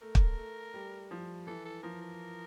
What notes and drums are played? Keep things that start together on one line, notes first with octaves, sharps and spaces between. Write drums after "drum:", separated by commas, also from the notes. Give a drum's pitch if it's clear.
A3 A#4
drum: kick
A3
G3
F3
E3 A4
A4
F3 A#4
A#4